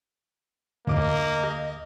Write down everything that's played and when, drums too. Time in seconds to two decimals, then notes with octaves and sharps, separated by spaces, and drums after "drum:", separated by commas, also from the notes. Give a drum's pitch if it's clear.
0.87 D2 A#3 D#5 D6, drum: tom E2
1.43 drum: rim click